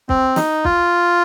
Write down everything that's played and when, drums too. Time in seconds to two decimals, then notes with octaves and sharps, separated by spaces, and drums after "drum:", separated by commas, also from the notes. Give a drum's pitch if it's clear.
0.09 C4, drum: kick
0.36 D#4, drum: snare
0.64 F4, drum: kick